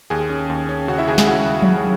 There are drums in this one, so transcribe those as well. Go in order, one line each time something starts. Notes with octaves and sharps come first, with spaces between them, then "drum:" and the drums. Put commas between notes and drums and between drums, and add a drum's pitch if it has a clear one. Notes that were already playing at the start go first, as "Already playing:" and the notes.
D#2 G#4 G#5
C#4
D#2
C#4
C#3 F#4 F#5
E4 E5
D#2 G#4 G#5
G#4 G#5, drum: snare
C#3 F#4 F#5
drum: tom F3